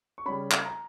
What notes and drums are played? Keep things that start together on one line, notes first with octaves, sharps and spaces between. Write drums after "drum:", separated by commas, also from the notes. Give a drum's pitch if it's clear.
C#6
C#3 G3 C#4 B5
drum: clap
A#5